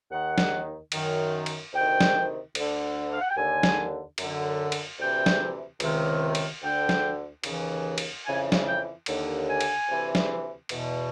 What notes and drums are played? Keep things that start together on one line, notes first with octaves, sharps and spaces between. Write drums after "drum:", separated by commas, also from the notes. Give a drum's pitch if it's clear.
D#2 D#3 F#5
drum: snare
F#2 D#3, drum: cymbal
drum: cymbal
D2 C3 D#3 G5
drum: snare
D2 D3, drum: cymbal
F5
F#5
G5
D#2 D3 G#5
drum: snare
F#2 D3, drum: cymbal
drum: cymbal
D2 C3 E3 G5
drum: snare
C#2 C3 D#3, drum: cymbal
drum: cymbal
D2 D3 G5
drum: snare
D#2 C#3 E3, drum: cymbal
drum: cymbal
F2 C#3 E3 G#5
drum: snare
G5
D#2 D3, drum: cymbal
G#5
drum: cymbal
D2 C3 E3
drum: snare
E2 B2, drum: cymbal